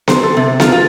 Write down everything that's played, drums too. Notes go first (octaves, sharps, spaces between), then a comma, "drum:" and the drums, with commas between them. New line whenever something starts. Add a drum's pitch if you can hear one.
C5, drum: snare B3
A4
C3
F4, drum: snare B3
F4